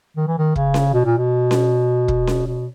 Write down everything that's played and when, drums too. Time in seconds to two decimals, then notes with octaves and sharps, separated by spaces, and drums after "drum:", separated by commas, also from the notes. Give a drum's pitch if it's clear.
0.17 D#3
0.27 E3
0.38 D#3
0.55 C#3, drum: kick
0.74 drum: snare C#4
0.93 B2
1.05 A#2
1.17 B2
1.51 drum: snare C#4
2.08 drum: kick
2.27 drum: snare C#4
2.47 B2